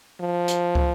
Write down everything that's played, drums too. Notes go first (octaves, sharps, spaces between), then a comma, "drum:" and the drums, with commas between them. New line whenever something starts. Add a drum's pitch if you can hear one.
F3
drum: hi-hat
drum: kick